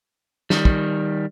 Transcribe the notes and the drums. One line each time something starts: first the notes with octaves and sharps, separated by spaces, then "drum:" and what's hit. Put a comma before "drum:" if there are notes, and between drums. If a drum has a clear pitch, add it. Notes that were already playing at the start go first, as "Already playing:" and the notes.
D#3 G3, drum: snare
drum: kick